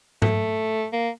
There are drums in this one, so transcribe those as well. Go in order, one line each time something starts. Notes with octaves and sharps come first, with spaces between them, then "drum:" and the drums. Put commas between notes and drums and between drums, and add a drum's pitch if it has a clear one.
A3, drum: tom G#2
A#3